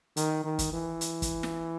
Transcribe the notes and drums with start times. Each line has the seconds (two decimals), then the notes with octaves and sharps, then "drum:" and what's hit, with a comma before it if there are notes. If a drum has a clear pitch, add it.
0.17 D#3, drum: hi-hat
0.44 D#3
0.59 drum: kick, hi-hat
0.72 E3
1.01 drum: hi-hat
1.22 drum: kick, hi-hat
1.43 drum: snare